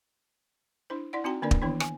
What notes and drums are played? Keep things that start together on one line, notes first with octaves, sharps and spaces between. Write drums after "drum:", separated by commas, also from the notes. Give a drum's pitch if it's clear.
D4 E4 C5
E4 D5 F#5
C4 D#4 F#4 G5 A#5
D3 A#3 D4 A#4 D5
drum: kick
D#3 E3 B3 D4 E4
G#5, drum: rim click